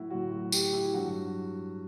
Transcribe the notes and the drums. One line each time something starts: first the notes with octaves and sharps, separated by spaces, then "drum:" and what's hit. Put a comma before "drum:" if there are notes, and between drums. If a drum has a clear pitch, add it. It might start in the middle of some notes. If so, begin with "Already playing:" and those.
Already playing: A2 F#3 E4 F#4
A2 F#3 F#4
F#4
G4, drum: tambourine
E4
G2 F#3 F#4